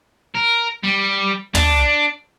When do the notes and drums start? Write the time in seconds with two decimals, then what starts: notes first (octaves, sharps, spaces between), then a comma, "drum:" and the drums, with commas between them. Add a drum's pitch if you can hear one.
0.35 A#4
0.84 G3
1.55 D4, drum: tom